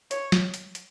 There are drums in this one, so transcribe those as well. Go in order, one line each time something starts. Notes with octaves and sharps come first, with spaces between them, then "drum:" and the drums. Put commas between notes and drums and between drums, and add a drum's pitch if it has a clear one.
C#5, drum: hi-hat
drum: snare
drum: hi-hat
drum: hi-hat